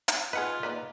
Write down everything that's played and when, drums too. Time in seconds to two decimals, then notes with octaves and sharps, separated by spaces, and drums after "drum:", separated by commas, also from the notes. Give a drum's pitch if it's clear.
0.08 drum: hi-hat
0.33 D#4 F4 G#4 B4 F#5
0.63 A#3 D#4 B4 D5